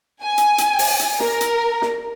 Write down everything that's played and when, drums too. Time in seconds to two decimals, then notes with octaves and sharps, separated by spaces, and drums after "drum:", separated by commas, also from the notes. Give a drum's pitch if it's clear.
0.22 G#5
0.38 drum: hi-hat
0.58 drum: hi-hat
0.79 drum: open hi-hat
0.99 drum: hi-hat
1.20 A#4, drum: snare
1.41 drum: hi-hat
1.82 drum: snare